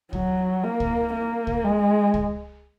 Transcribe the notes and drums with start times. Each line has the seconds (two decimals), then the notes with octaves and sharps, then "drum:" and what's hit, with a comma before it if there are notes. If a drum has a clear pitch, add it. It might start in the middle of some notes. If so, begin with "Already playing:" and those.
0.13 F#3, drum: kick C#2
0.64 A#3
0.80 drum: kick C#2
1.13 A#3
1.47 drum: kick C#2
1.64 G#3
2.14 drum: kick C#2